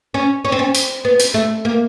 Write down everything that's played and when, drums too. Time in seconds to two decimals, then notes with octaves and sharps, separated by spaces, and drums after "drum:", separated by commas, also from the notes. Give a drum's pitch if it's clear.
0.14 C#4
0.45 C#4
0.52 C4
0.59 C#4
0.75 drum: hi-hat
1.05 B3
1.20 drum: hi-hat
1.34 A3
1.65 A#3